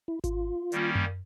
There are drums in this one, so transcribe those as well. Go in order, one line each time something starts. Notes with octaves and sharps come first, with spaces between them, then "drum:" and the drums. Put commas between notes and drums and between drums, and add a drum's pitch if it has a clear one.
E4
F4, drum: kick G#1, hi-hat
D#3 G3 A#3 C#4, drum: hi-hat
drum: tom F#2